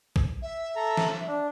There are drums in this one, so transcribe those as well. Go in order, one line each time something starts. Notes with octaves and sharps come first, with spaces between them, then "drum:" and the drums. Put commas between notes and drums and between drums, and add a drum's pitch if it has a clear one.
drum: kick
E5
A4 A#5
drum: snare
D4